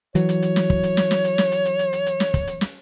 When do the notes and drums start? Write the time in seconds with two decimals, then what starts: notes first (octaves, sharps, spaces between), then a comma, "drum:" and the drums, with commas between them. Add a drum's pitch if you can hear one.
0.15 E3 F#3 C#5, drum: hi-hat
0.29 drum: hi-hat
0.42 drum: hi-hat
0.56 drum: snare
0.70 drum: kick
0.83 drum: hi-hat
0.97 drum: snare
1.11 drum: snare
1.24 drum: hi-hat
1.38 drum: snare
1.52 drum: hi-hat
1.65 drum: hi-hat
1.79 drum: hi-hat
1.93 drum: hi-hat
2.06 drum: hi-hat
2.20 drum: snare
2.34 drum: kick, hi-hat
2.47 drum: hi-hat
2.61 drum: snare